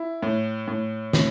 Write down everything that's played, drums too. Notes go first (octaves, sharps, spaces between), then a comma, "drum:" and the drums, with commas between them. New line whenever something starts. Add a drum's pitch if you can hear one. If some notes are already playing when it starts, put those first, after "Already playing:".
Already playing: E4
A2
A2
A2, drum: snare